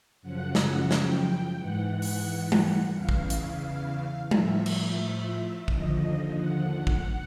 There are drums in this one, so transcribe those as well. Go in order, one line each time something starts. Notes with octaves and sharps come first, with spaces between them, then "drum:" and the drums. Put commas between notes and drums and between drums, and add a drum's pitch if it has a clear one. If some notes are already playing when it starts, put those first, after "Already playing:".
F#2 C#3 F3 F#5
drum: snare
G5, drum: snare
G#2 E3 F#5
drum: open hi-hat
drum: tom G3
E2 C#3 E3 F5
drum: kick
drum: hi-hat
A2 F3 E5, drum: tom G3
drum: cymbal
D#2 D3 F3 D#5, drum: kick
F#5
drum: kick